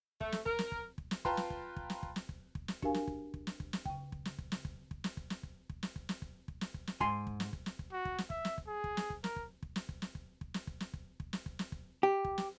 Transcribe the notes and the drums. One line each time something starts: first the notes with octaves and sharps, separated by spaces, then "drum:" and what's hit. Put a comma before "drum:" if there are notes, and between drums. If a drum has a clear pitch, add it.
A3, drum: kick
drum: snare
A#4, drum: kick
drum: snare
drum: kick
drum: kick
drum: snare
F4 B4 G5 A5 A#5 C6, drum: kick
drum: snare
drum: kick
drum: kick
drum: snare
drum: kick
drum: snare
drum: kick
drum: kick
drum: snare
D4 F#4 G4 A#4 F5 G#5, drum: kick
drum: snare
drum: kick
drum: kick
drum: snare
drum: kick
drum: snare
C#3 G5, drum: kick
drum: kick
drum: snare
drum: kick
drum: snare
drum: kick
drum: kick
drum: snare
drum: kick
drum: snare
drum: kick
drum: kick
drum: snare
drum: kick
drum: snare
drum: kick
drum: kick
drum: snare
drum: kick
drum: snare
G#2 G#5 C6, drum: kick
drum: kick
drum: snare
drum: kick
drum: snare
drum: kick
F#4
drum: kick
drum: snare
E5, drum: kick
drum: snare
drum: kick
G#4
drum: kick
drum: snare
drum: kick
A#4, drum: snare
drum: kick
drum: kick
drum: snare
drum: kick
drum: snare
drum: kick
drum: kick
drum: snare
drum: kick
drum: snare
drum: kick
drum: kick
drum: snare
drum: kick
drum: snare
drum: kick
G4
drum: kick
drum: snare